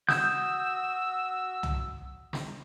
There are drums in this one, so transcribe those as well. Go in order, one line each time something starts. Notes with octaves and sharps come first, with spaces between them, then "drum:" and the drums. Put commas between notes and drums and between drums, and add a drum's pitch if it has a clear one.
F#4 D#6 E6 G6, drum: snare
drum: tom
drum: snare